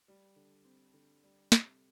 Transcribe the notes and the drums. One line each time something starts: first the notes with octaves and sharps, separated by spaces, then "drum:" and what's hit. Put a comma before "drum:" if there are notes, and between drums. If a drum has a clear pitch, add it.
G3
D3
C4
D3
G3
C3, drum: snare